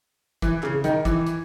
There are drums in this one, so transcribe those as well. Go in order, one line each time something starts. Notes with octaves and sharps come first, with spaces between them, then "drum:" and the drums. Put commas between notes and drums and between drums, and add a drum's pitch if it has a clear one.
E3, drum: kick, hi-hat
C#3, drum: clap
D#3, drum: hi-hat
E3, drum: kick, hi-hat
drum: hi-hat